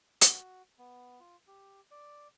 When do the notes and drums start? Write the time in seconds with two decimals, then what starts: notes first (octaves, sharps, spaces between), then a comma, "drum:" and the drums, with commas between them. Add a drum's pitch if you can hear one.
0.21 F#4, drum: hi-hat
0.79 B3
1.20 F4
1.47 G4
1.91 D5